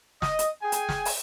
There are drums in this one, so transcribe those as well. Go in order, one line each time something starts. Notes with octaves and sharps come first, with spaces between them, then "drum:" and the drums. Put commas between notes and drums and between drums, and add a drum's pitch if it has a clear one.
D#5, drum: snare
drum: hi-hat
G#4 G5 G#5
drum: hi-hat
drum: snare
drum: open hi-hat